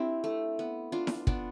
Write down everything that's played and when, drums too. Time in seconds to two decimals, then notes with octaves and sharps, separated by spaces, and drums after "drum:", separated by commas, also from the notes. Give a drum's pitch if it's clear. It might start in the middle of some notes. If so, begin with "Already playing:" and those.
Already playing: C4 D4 E4 G4
0.24 A3
0.59 B3
0.92 D4 F4
1.07 drum: snare E4
1.27 B3 D4, drum: kick